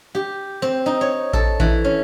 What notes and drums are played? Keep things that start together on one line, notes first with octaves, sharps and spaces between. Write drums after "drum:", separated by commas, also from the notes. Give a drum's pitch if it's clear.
G4
C4
D#4
C#5
A4, drum: kick A1
E3, drum: kick A1
C#4